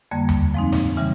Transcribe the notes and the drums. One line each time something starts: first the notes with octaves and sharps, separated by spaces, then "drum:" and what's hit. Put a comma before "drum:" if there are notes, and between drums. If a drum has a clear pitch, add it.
F2 D3 G3 A#3
drum: tom D#2
F3 G#3 C4 D#4
drum: snare
C#3 E3 G3